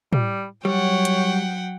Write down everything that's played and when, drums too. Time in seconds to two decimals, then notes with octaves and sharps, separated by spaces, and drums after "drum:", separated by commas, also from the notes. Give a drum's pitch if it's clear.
0.13 G3, drum: tom A2
0.65 F#3 G3 C#5 F#5 G5
1.05 drum: hi-hat